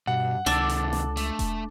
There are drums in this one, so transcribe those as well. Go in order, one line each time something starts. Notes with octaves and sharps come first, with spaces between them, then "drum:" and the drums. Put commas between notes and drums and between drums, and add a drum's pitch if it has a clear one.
G2 B2 F#5
C#2 C3 D#3 D4 A4 D5, drum: snare
drum: hi-hat
drum: snare
A3, drum: hi-hat
drum: kick E1, hi-hat